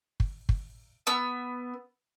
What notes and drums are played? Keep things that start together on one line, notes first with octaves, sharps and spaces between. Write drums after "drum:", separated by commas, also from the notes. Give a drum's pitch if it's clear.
drum: kick
drum: kick
B3 E6